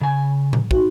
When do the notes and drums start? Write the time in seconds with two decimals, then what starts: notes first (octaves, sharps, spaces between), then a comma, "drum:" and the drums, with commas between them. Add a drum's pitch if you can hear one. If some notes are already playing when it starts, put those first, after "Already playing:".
0.01 C#3 G#5
0.53 drum: tom A2
0.71 D#4 F#4, drum: kick